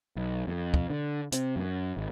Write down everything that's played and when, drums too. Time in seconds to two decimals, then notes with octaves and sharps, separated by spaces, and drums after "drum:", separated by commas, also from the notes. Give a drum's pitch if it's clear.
0.17 B1
0.47 F2
0.74 drum: kick
0.90 D3
1.32 C3, drum: hi-hat
1.56 F#2
1.97 G#1